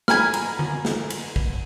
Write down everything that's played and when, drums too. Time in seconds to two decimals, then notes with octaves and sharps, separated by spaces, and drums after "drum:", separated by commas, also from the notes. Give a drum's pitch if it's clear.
0.08 G#5 A#5 B5 F6 G#6, drum: snare
0.34 drum: cymbal
0.59 drum: tom D3
0.85 drum: snare
1.10 drum: cymbal
1.36 drum: kick A1